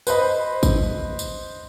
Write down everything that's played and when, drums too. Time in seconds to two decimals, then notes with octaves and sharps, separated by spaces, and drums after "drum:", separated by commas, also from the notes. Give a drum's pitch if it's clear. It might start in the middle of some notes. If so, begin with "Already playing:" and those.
0.07 B4 C5 D#5 B5, drum: tambourine
0.63 drum: kick, tambourine
1.19 drum: tambourine